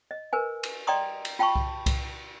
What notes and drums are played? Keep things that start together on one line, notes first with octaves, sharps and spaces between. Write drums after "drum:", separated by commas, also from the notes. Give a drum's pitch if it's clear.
D#5
A#4 B4 G#5
drum: cymbal
D5 D#5 G5 A#5 C6 D#6
drum: cymbal
F4 G5 A5 B5 C#6
drum: kick C2
drum: kick C2, cymbal